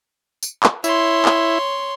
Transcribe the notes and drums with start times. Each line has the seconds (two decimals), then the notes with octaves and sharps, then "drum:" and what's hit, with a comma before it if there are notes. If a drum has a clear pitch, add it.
0.43 drum: tambourine
0.63 drum: clap
0.84 E4 C#5 C6, drum: tambourine
1.25 drum: clap